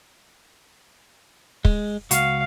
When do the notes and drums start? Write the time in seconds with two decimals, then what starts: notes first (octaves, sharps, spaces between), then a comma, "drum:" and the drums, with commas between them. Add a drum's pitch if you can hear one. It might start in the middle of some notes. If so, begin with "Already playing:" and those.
1.65 G#3, drum: kick
2.11 C#2 F#4 F5, drum: hi-hat